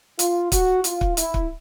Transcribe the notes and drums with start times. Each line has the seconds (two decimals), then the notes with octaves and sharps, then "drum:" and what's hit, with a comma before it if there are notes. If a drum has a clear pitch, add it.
0.19 F4, drum: hi-hat
0.52 F#4, drum: kick, hi-hat
0.84 F4, drum: hi-hat
1.01 drum: kick
1.17 E4, drum: hi-hat
1.34 drum: kick